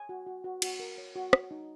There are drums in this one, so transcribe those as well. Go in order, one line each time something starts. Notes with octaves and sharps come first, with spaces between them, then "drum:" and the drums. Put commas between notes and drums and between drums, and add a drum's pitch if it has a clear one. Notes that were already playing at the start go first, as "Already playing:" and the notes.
Already playing: G#5
F#4
F#4
F#4
F#4, drum: cymbal
A#4
C#5
F#4
C#5, drum: rim click
D#4